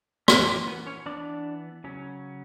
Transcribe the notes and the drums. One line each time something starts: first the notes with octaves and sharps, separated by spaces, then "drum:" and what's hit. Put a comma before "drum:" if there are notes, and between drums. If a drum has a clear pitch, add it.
E3 A#3 C#4, drum: rim click
G3 G4
B3 B4
C#4 C#5
E3 B3 D4 D5
C#3 F#3 C#4